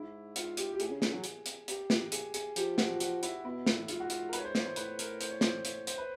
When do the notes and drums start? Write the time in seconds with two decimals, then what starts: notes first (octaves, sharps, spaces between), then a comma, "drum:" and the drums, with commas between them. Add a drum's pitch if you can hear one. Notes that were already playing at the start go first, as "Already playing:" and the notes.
Already playing: G#2 E4
0.36 F4, drum: hi-hat
0.57 G4, drum: hi-hat
0.73 G4
0.80 A2 G#4, drum: hi-hat
0.91 C#3
1.02 C#3, drum: snare
1.13 F#3
1.24 drum: hi-hat
1.46 drum: hi-hat
1.68 G4, drum: hi-hat
1.90 drum: snare
2.12 G#4, drum: hi-hat
2.34 G#4, drum: hi-hat
2.56 F3 G4, drum: hi-hat
2.78 F#4, drum: snare
3.00 F#4, drum: hi-hat
3.23 E4, drum: hi-hat
3.45 B2 E4
3.66 A2, drum: snare
3.88 G#2 F4, drum: hi-hat
4.00 F#4
4.10 F4, drum: hi-hat
4.29 A#4
4.33 B4, drum: hi-hat
4.38 C#5
4.44 C5
4.55 C#5, drum: snare
4.66 C5
4.76 A2 B4, drum: hi-hat
4.99 A#4, drum: hi-hat
5.21 C5, drum: hi-hat
5.31 C#5
5.41 C5, drum: snare
5.65 C#5, drum: hi-hat
5.87 C5, drum: hi-hat
5.98 B4